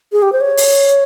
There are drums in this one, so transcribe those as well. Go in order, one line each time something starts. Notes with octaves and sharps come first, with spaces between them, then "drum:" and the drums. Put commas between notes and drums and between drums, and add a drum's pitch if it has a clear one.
G#4
G4
C5
C#5
drum: open hi-hat